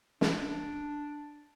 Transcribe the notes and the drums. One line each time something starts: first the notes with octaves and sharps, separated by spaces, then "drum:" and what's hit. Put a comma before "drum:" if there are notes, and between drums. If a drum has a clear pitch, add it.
D4, drum: snare